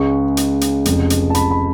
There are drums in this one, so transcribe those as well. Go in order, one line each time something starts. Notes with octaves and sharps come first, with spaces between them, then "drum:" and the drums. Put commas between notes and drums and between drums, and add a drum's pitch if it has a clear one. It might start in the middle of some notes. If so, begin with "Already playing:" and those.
Already playing: C#2 C#3 G#3 C#6
drum: hi-hat
drum: hi-hat
F1 F2 C#3 G#3, drum: hi-hat
drum: hi-hat
A5
B5, drum: hi-hat
B5